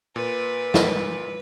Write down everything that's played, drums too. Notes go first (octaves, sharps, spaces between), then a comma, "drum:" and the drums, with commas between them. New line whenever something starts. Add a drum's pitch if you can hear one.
A#2 B4
A#3 E4 D#5, drum: snare